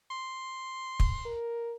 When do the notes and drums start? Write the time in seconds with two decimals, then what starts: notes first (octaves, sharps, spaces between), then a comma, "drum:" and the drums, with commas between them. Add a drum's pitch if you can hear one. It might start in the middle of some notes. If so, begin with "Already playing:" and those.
0.11 C6
1.00 drum: kick
1.26 A#4